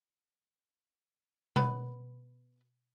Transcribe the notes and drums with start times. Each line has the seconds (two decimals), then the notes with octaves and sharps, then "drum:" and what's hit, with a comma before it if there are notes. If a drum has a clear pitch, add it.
1.56 B3 B4, drum: tom B2